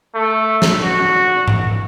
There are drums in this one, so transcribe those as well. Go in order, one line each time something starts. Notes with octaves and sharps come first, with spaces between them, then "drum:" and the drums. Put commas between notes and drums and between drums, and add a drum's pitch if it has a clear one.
A3
drum: snare
F#4
drum: tom G#2